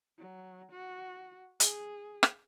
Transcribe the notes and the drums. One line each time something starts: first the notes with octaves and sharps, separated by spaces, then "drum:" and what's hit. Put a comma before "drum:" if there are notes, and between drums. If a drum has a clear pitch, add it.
F#3
F#4
G#4, drum: hi-hat
drum: rim click